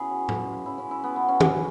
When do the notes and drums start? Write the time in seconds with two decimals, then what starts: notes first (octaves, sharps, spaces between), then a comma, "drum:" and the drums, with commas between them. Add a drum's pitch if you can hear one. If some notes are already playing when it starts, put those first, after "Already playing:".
Already playing: B2 C#4 E4 F#4 G#4
0.10 F#3
0.29 C#3, drum: tom A2
0.47 G#3
0.66 C#3 E4
0.78 C#4
0.85 G#3
0.91 E4
1.04 B2 B3
1.16 B3
1.22 F#3
1.29 C#4
1.40 C#3 E4, drum: tom